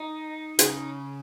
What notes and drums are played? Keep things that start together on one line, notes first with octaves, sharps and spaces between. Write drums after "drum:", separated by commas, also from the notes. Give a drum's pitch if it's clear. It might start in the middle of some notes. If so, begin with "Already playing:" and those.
Already playing: D#4
C#3, drum: hi-hat